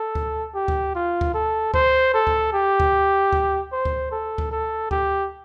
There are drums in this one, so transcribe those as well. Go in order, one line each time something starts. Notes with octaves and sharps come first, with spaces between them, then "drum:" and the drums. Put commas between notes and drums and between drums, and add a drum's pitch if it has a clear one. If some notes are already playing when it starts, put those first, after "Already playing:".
Already playing: A4
drum: kick D2
G4
drum: kick D2
F4
drum: kick D2
A4
C5, drum: kick D2
A4
drum: kick D2
G4
drum: kick D2
drum: kick D2
C5
drum: kick D2
A4
drum: kick D2
A4
G4, drum: kick D2